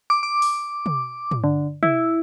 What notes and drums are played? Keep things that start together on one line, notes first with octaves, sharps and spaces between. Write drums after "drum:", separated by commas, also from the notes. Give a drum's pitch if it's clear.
D6
D6
drum: open hi-hat
drum: tom
drum: tom
D3
E4, drum: tom